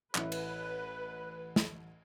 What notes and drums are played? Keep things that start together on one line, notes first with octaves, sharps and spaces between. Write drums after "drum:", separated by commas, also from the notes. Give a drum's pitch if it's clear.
A1 E4 B4, drum: clap
drum: cymbal
drum: snare